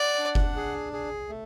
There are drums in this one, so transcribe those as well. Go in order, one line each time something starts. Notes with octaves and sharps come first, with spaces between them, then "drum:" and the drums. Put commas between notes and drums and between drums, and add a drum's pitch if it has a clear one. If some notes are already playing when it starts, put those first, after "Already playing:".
Already playing: D5 F#5
D4
drum: kick F#1
G#4
G#4
A3